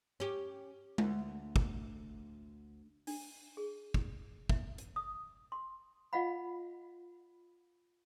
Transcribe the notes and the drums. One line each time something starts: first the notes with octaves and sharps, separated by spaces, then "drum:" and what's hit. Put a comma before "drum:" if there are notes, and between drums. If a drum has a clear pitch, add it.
C#4 G4
D2, drum: tom G#3
drum: kick
D4, drum: open hi-hat
G#4
drum: kick
E5, drum: kick
drum: hi-hat
D#6
C6
F4 D#5 F5 F#5 B5